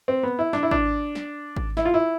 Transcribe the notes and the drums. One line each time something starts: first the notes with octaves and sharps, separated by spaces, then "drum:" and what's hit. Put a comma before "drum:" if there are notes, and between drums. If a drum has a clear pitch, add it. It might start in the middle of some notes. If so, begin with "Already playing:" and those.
C4
B3
E4
D4, drum: snare
E4
D4, drum: kick G#1
drum: snare
drum: kick G#1
E4, drum: snare
F4
E4